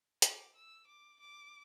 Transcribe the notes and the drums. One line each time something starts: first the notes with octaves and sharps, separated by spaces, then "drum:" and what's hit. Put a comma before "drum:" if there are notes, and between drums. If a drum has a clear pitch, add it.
D6, drum: hi-hat
E6
D6
D6